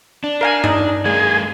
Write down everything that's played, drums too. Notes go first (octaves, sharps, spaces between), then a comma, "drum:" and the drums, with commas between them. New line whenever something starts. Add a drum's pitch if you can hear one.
D4
A#4 F5 G#5
D#4, drum: tom G2
G#3 A#3 G#4 G#5